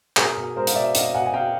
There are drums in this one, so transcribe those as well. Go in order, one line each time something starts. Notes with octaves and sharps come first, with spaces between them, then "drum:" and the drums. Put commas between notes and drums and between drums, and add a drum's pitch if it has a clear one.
B2 G#4 A#4, drum: clap
B2
G#3 A#4 C5
F5, drum: hi-hat
B2 D5 E5
B2 D#5 F5, drum: hi-hat
B2 F#5 G#5
G#5
B2 F5 G5